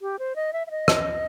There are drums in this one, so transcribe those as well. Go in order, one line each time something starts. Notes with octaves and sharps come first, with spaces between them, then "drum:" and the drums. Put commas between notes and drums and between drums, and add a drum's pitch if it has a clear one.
G4
C5
D#5
E5
E5
D#5
drum: rim click